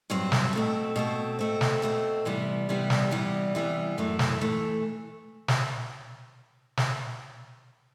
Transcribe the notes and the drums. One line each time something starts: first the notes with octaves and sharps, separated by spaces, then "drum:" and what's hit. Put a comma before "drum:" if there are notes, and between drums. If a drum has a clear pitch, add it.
G2 F#3 C4
drum: snare
B2 A3 C4
B2 A3 C4
B2 A3 C4
drum: snare
B2 A3 C4
C3 E3 G3 B3
C3 E3 G3 B3
drum: snare
C3 E3 G3 B3
C3 E3 G3 B3
F#2 E3 A3
drum: snare
E3 A3
drum: snare
drum: snare